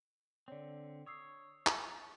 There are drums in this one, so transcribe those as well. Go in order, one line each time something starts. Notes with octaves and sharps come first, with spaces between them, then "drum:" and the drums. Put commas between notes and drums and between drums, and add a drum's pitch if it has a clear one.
D3 C4 C#5 D5
C#5 D#6 E6 C7
drum: clap